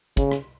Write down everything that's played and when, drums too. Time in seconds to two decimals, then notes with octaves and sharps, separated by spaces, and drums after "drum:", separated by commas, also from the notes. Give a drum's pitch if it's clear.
0.17 C#3, drum: kick, hi-hat
0.31 drum: rim click